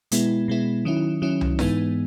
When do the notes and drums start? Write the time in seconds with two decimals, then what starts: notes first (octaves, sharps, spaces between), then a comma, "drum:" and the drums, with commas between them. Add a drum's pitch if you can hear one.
0.12 B2 G#3 B3 E4, drum: hi-hat
0.48 B2 G#3 B3 E4
0.85 D#3 F#3 C#4 E4
1.22 D#3 F#3 C#4 E4
1.41 drum: tom C2
1.59 G#2 E3 G#3 B3 D#4, drum: snare E4